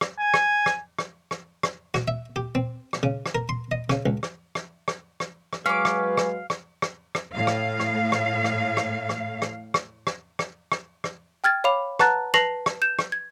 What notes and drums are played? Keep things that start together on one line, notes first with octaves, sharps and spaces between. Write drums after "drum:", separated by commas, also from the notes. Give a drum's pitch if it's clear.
drum: rim click
G#5
drum: rim click
drum: rim click
drum: rim click
drum: rim click
drum: rim click
F#4, drum: rim click
E5
G4
C4
drum: rim click
C#3
drum: rim click
A#4
C6
D#5
C#3, drum: rim click
C#2
drum: rim click
drum: rim click
drum: rim click
drum: rim click
drum: rim click
F#3 G#3 C#4 B4 F5 D6
drum: rim click
drum: rim click
drum: rim click
drum: rim click
drum: rim click
A2 F5
drum: rim click
drum: rim click
drum: rim click
drum: rim click
drum: rim click
drum: rim click
drum: rim click
drum: rim click
drum: rim click
drum: rim click
drum: rim click
drum: rim click
G5 F6 G#6 A6
C#5 F5 B5 D6 F7
B4 F#5 A5 A#5 F#6 A6, drum: rim click
B4 A5 A#6 C7 F7 F#7, drum: rim click
drum: rim click
G6 E7
drum: rim click
G#6